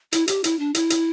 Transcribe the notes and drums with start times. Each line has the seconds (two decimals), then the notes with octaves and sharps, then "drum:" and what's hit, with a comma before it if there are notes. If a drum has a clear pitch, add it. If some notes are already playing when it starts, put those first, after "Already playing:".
0.12 E4, drum: hi-hat
0.28 G4, drum: hi-hat
0.44 E4, drum: hi-hat
0.59 D4
0.75 E4, drum: hi-hat
0.90 drum: hi-hat